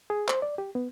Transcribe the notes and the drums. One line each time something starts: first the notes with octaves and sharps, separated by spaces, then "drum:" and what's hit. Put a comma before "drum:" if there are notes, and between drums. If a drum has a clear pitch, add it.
G#4
C5, drum: clap
D5
G4
B3